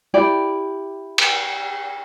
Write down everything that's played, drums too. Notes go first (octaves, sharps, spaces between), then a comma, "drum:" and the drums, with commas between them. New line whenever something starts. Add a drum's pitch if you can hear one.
E4 G4 D5 G5
drum: cymbal